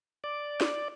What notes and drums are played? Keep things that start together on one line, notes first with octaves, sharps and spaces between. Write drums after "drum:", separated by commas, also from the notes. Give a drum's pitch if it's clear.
D5
drum: snare